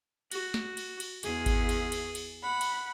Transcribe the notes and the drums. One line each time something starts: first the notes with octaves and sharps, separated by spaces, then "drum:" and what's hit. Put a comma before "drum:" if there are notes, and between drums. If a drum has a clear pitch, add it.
F#4, drum: cymbal
drum: snare
drum: cymbal
drum: cymbal
E2 G#4, drum: cymbal
drum: kick G#1, cymbal
drum: cymbal
drum: cymbal
drum: cymbal
F#5 B5
drum: cymbal